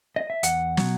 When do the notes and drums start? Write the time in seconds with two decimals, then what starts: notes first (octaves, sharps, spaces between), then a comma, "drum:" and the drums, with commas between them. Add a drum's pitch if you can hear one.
0.16 D#5
0.30 E5
0.43 E2 F#5, drum: hi-hat
0.77 B2 F#3, drum: snare